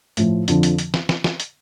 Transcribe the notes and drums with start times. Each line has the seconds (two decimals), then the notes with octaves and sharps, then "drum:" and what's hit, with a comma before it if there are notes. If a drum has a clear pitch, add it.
0.17 A2 F3, drum: hi-hat
0.48 F2 D3 F3, drum: hi-hat
0.63 drum: hi-hat
0.78 drum: hi-hat
0.94 drum: snare
1.09 drum: snare
1.24 drum: snare
1.40 drum: hi-hat